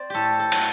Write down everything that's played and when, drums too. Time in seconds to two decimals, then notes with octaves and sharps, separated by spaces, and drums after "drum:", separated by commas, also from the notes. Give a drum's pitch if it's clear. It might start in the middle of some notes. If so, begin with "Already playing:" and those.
Already playing: C4 C5 D5
0.10 A2 G4 A4
0.39 A4
0.52 F#3, drum: cymbal